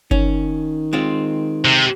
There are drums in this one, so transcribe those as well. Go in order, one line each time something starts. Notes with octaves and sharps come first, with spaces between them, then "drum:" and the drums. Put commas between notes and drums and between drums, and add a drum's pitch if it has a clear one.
D#3 C#4, drum: kick G1
G#3 C4 F4
C3